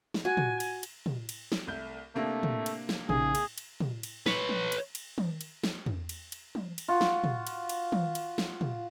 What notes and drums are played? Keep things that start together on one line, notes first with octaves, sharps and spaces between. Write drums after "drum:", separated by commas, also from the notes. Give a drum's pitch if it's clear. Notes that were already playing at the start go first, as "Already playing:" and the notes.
drum: snare
F#4 G#5
drum: tom
drum: cymbal
drum: cymbal
drum: tom
drum: cymbal
drum: snare
C2 A3 G6
C3 A3 A#3 D4
drum: tom
drum: cymbal
drum: snare
A#1 C#3 D#4 G#4, drum: tom
drum: cymbal
drum: cymbal
drum: tom
drum: cymbal
B4 C#5, drum: snare
drum: tom
drum: cymbal
drum: cymbal
drum: tom
drum: cymbal
drum: snare
drum: tom
drum: cymbal
drum: cymbal
drum: tom
drum: cymbal
F4 F#4
drum: snare
drum: tom
drum: cymbal
drum: cymbal
drum: tom
drum: cymbal
drum: snare
drum: tom